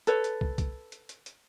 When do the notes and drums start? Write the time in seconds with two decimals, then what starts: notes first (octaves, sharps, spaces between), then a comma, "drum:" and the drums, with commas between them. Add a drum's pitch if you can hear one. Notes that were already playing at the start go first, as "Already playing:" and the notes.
0.07 A4 B4 C#5, drum: hi-hat
0.24 drum: hi-hat
0.41 drum: kick
0.58 drum: kick, hi-hat
0.92 drum: hi-hat
1.09 drum: hi-hat
1.26 drum: hi-hat